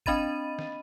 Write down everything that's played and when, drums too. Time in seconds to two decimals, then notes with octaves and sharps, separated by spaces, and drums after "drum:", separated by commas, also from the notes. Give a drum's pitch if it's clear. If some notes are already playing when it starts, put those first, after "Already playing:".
0.06 C4 D4 D#5 B5 A6 D#7, drum: kick
0.59 drum: snare